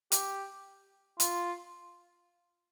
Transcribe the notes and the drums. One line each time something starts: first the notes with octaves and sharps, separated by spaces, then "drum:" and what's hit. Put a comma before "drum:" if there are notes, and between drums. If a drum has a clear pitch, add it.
G4, drum: hi-hat
F4, drum: hi-hat